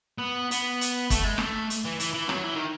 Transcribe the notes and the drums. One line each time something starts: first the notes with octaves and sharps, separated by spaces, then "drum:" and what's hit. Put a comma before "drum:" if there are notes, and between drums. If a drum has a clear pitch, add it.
B3
B3, drum: hi-hat
drum: hi-hat
A3, drum: kick, hi-hat
G#3
A3, drum: rim click
drum: hi-hat
E3
E3, drum: hi-hat
E3
F#3, drum: rim click
E3
D#3